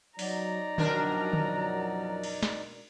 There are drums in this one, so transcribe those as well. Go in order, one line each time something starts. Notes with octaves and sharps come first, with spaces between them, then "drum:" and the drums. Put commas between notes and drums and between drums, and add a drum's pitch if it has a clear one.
F#3 D#4 D5 A#5, drum: open hi-hat
F#2 B2 F3 F#3 D4 A#4, drum: tom D3
drum: tom D3
drum: cymbal
drum: snare